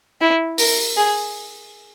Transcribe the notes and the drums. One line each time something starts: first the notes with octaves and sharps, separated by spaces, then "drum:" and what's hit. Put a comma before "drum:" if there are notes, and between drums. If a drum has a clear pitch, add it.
E4
A#4, drum: open hi-hat
G#4